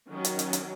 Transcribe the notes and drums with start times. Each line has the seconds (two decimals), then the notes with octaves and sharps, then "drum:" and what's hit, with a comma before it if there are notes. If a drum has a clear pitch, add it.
0.10 D#3 F#3 C#4
0.25 drum: hi-hat
0.39 drum: hi-hat
0.53 drum: hi-hat